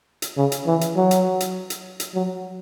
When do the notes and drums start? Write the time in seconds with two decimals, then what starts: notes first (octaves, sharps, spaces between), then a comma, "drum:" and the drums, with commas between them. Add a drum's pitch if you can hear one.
0.22 drum: hi-hat
0.37 C#3
0.52 drum: hi-hat
0.67 E3
0.81 drum: hi-hat
0.96 F#3
1.11 drum: hi-hat
1.40 drum: hi-hat
1.70 drum: hi-hat
2.00 drum: hi-hat
2.15 F#3